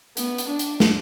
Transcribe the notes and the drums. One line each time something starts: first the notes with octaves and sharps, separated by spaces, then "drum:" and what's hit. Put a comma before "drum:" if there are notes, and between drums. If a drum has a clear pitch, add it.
B3, drum: hi-hat
drum: hi-hat
D4
drum: hi-hat
drum: snare